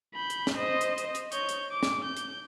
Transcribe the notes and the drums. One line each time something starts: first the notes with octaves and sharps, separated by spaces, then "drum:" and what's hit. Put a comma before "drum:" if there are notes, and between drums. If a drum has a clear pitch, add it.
B5 G6
drum: hi-hat
drum: snare
C5 D#5
drum: hi-hat
drum: hi-hat
drum: hi-hat
C#5 G6, drum: hi-hat
drum: hi-hat
D6
drum: snare
G6
drum: hi-hat